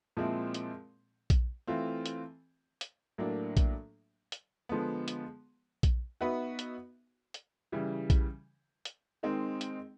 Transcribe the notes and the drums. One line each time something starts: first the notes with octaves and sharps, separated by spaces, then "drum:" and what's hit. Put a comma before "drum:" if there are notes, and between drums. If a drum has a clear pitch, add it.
A#2 F3 G#3 C4 E4
drum: hi-hat
drum: kick A#1, hi-hat
E3 A3 C4 F4
drum: hi-hat
drum: hi-hat
A2 F#3 A#3 D4
drum: kick A#1, hi-hat
drum: hi-hat
D3 F3 G#3 B3
drum: hi-hat
drum: kick A#1, hi-hat
B3 D#4 F#4 B4 E5
drum: hi-hat
drum: hi-hat
C#3 E3 G3
drum: kick A#1, hi-hat
drum: hi-hat
D#3 G#3 C4 D#4
drum: hi-hat